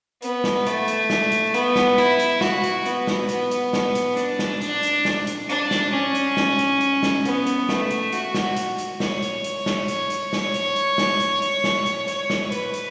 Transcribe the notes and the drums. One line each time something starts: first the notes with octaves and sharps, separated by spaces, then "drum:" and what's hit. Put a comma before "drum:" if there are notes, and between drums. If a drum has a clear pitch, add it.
B3, drum: hi-hat
drum: snare
A3, drum: hi-hat
drum: hi-hat
drum: snare
drum: hi-hat
B3, drum: hi-hat
drum: snare
E4, drum: hi-hat
drum: hi-hat
F#4, drum: snare
drum: hi-hat
B3, drum: hi-hat
drum: snare
B3, drum: hi-hat
drum: hi-hat
drum: snare
drum: hi-hat
D4, drum: hi-hat
drum: snare
D4, drum: hi-hat
drum: hi-hat
drum: snare
drum: hi-hat
D4, drum: hi-hat
drum: snare
C#4
drum: hi-hat
drum: snare
drum: hi-hat
drum: hi-hat
drum: snare
B3, drum: hi-hat
drum: hi-hat
A3, drum: snare
drum: hi-hat
F#4, drum: hi-hat
drum: snare
drum: hi-hat
drum: hi-hat
C#5, drum: snare
drum: hi-hat
drum: hi-hat
drum: snare
drum: hi-hat
drum: hi-hat
C#5, drum: snare
drum: hi-hat
drum: hi-hat
drum: snare
drum: hi-hat
drum: hi-hat
drum: snare
drum: hi-hat
C#5, drum: hi-hat
drum: snare
B4, drum: hi-hat
drum: hi-hat